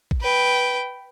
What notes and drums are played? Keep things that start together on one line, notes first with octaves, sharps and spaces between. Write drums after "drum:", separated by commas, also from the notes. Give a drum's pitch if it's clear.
drum: kick A1
B4 G5